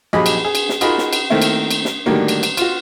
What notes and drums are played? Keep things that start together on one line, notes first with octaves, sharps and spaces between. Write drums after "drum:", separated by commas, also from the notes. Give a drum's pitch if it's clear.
A#1 F#3 G4 G#4 D#5 B5
drum: cymbal
G#4
drum: cymbal
drum: snare
D#4 F4 F#4 G#4 A#4 B5, drum: cymbal
drum: snare
drum: cymbal
D#3 A3 A#3 C4 E4
drum: cymbal
drum: cymbal
drum: snare
A2 D3 D#3 F#3 G3 A#3
drum: cymbal
drum: cymbal
F4 F#4, drum: cymbal